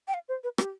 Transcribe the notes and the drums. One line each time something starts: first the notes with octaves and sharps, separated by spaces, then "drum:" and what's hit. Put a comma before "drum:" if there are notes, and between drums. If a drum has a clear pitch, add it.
G5
F5
C5
B4
G4, drum: rim click